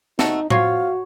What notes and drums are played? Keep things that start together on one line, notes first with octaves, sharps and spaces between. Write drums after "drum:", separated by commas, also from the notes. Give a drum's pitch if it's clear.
A3 D#4 F#4 A4, drum: snare
C4 F4 F#4 C#5 F5 C7, drum: tom A2